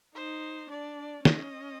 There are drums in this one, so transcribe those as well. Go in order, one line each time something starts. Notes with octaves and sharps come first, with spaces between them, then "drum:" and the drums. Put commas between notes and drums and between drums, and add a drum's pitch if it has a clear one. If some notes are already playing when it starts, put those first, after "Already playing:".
D#4 C5
D4 D5
C#4 D#5, drum: snare